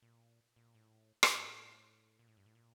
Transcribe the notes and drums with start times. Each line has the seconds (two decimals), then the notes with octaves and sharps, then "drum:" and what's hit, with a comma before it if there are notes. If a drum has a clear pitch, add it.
0.02 A#2
0.56 A#2
0.75 A2
1.23 F#2, drum: rim click
1.35 G2
1.47 A2
2.19 A#2
2.28 A2
2.37 G2
2.46 A2
2.55 A#2